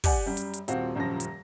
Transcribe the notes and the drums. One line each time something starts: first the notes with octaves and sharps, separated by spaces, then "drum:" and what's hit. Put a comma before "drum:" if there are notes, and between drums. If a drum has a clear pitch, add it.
G4 D5 F#5 G#5, drum: kick, open hi-hat
F#2 G3
drum: hi-hat
drum: hi-hat
D#1 C4 F4 F#4, drum: hi-hat
D#1 F#2 F3 A#6
drum: hi-hat